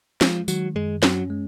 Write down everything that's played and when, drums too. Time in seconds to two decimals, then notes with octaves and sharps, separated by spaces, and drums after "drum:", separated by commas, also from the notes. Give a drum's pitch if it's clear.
0.21 F3 G#3, drum: snare
0.48 D#3 F#3, drum: tambourine
0.75 F#2 G#3
1.03 F#3 C#4, drum: snare
1.30 G#3